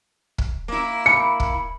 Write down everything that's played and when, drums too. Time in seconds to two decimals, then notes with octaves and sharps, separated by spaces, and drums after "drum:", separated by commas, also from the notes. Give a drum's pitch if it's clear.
0.38 drum: kick
0.68 A#3 E4
1.06 B5 C#7
1.40 drum: kick